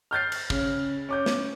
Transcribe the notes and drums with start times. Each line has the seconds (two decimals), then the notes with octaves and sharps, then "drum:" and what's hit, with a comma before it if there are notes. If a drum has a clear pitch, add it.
0.11 F6 G6 A6 C7
0.32 drum: cymbal
0.50 C#3, drum: kick
1.09 C#4 D6 G6
1.26 drum: snare